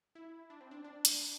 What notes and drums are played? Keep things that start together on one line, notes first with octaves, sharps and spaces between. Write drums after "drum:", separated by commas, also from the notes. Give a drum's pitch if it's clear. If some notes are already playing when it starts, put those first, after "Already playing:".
E4
D4
C4
D4
D4
drum: hi-hat